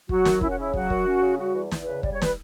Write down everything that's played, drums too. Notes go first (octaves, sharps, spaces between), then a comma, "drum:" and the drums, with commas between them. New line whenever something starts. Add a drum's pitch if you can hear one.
F#3 F#4, drum: kick
F#2, drum: snare
C#4 E4, drum: kick
F#4
C#3 E4
F#3 F#4, drum: kick
F#2, drum: kick
C#4
C#3
G3 F#4
E2
E2, drum: snare
C#3 B4
G3 D5, drum: kick
C#5
B4, drum: snare